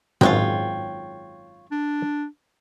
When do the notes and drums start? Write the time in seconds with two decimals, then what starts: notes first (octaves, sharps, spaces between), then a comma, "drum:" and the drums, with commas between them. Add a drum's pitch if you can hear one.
0.21 G#1 F#2 G#3 F4 C#5 G5, drum: tom
1.72 D4